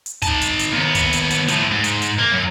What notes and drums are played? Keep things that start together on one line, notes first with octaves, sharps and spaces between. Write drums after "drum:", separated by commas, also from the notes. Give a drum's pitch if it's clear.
drum: hi-hat
D#4 A5, drum: kick, hi-hat
drum: hi-hat
drum: hi-hat
D#2 B3
drum: kick, hi-hat
drum: hi-hat
drum: hi-hat
A2 F3, drum: hi-hat
G#2
drum: hi-hat
drum: hi-hat
A#3
F#2